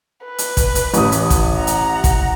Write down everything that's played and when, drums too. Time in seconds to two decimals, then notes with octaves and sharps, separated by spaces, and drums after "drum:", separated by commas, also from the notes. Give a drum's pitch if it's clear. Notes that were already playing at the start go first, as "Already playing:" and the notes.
0.24 B4
0.38 drum: hi-hat
0.57 drum: kick, hi-hat
0.75 drum: hi-hat
0.94 A1 D#6, drum: hi-hat
1.12 drum: hi-hat
1.30 drum: kick, hi-hat
1.57 F#5 A#5
1.67 drum: hi-hat
2.04 drum: kick, hi-hat